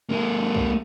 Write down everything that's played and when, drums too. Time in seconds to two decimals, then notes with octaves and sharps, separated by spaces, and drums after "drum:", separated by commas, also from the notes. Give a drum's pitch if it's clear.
0.09 G#3 A#3
0.55 drum: kick B1